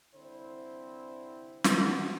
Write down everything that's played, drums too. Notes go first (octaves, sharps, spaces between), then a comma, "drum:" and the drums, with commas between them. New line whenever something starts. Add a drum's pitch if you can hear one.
C2 D3 C4 E4 C5
drum: snare
B2 G#3 F#4